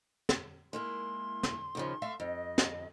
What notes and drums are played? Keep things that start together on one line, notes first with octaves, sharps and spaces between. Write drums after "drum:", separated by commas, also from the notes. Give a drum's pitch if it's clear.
drum: snare
G#3 A#3 E4 C6
drum: snare
D#2 C#3 F3
A3 E5 F5
F2 D#5
drum: snare